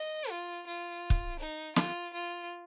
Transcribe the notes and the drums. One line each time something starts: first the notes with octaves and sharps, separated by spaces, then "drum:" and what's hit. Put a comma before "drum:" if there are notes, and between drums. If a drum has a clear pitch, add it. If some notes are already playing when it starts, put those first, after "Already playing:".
Already playing: D#5
F4
F4
drum: kick
D#4
F4, drum: snare
F4